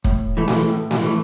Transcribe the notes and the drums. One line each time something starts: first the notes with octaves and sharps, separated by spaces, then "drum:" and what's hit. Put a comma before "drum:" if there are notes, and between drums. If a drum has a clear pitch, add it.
A2, drum: kick
E3 A3
drum: snare A3
A2
drum: snare A3
E3 A3